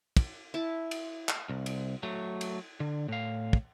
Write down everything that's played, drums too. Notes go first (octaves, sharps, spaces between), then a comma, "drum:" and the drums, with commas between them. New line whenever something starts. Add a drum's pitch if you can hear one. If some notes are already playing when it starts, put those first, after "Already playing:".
drum: kick, cymbal
E4 A5
drum: cymbal
drum: clap
C2
drum: cymbal
F#3 A3
drum: cymbal
D3
A2 F5
drum: kick